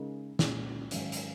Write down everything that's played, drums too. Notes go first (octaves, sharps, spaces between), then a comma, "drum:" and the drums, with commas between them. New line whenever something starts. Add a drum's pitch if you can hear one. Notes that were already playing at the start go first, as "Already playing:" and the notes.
Already playing: C#3 G#3 D#4 A#4
A#2 G#3 C#4, drum: snare
G#2 D#3 F#3 C#4, drum: hi-hat
drum: hi-hat